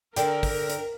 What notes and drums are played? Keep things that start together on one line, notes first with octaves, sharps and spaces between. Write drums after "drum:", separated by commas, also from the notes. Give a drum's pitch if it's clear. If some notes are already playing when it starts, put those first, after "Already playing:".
D3 D4 A#4 G5, drum: hi-hat
drum: kick, open hi-hat
drum: hi-hat